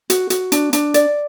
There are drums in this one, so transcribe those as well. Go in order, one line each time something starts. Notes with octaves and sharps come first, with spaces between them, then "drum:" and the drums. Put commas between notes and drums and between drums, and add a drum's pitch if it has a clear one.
F#4, drum: hi-hat
F#4, drum: hi-hat
D4, drum: hi-hat
D4, drum: hi-hat
D5, drum: hi-hat